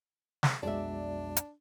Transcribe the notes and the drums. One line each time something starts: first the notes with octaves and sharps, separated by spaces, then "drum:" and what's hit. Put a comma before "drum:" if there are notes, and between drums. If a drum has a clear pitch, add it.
drum: snare
B1 F2 G#3 B3 D4 F#4 D5 E5
drum: hi-hat